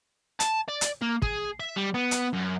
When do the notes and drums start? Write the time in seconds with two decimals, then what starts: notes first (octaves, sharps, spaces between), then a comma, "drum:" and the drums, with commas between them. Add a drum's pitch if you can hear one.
0.40 A5, drum: hi-hat
0.69 D5
0.81 drum: hi-hat
1.02 A#3
1.22 G#4, drum: kick
1.60 E5
1.76 G3
1.94 B3
2.11 drum: hi-hat
2.33 F#2